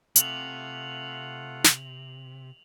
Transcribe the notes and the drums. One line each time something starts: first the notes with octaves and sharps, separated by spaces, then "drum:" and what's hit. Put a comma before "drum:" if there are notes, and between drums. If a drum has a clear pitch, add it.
C3 A3 F4 F#5 F7 F#7, drum: hi-hat
drum: snare